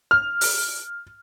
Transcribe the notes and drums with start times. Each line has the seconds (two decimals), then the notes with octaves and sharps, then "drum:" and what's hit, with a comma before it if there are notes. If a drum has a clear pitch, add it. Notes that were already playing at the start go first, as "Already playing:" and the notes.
0.11 F6
0.41 drum: open hi-hat